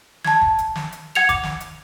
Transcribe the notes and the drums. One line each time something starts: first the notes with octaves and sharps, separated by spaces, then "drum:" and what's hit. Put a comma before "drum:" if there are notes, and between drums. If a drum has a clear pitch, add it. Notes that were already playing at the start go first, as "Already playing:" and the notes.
A5 G#6, drum: snare
drum: kick
drum: hi-hat
drum: snare
drum: hi-hat
F#5 G#6 C#7 F7
D6, drum: kick, hi-hat
drum: snare
drum: hi-hat